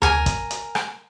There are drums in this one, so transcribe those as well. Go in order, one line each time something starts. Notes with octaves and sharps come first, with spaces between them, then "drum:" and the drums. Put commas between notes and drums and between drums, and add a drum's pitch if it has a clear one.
A#4 G#5, drum: tom D2
drum: kick, hi-hat
drum: hi-hat
drum: rim click